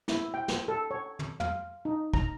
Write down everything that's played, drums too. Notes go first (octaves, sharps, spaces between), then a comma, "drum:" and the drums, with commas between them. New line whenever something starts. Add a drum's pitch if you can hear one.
E4, drum: snare
G5
drum: snare
A4
C#5
drum: tom
F5, drum: tom
D#4
A#5, drum: kick